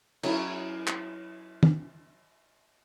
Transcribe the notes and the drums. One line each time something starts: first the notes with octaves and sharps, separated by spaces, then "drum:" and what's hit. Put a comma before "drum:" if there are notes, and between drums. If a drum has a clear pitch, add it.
F#3 C#4 E4, drum: cymbal
drum: clap
drum: tom